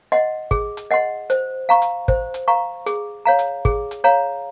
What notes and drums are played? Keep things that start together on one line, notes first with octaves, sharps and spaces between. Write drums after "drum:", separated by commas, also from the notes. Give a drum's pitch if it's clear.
D#5 F#5 C6
G#4, drum: kick
drum: hi-hat
D#5 F#5 C6
C5, drum: hi-hat
F5 A#5 C#6
drum: hi-hat
C5, drum: kick
drum: hi-hat
F5 A#5 C#6
G#4, drum: hi-hat
C#5 F5 A#5
drum: hi-hat
G#4, drum: kick
drum: hi-hat
C#5 F5 A#5